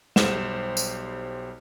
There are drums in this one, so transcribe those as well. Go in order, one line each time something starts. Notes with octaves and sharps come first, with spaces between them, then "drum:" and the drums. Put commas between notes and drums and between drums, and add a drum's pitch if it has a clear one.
B1 G3 C5 E7, drum: snare
drum: tambourine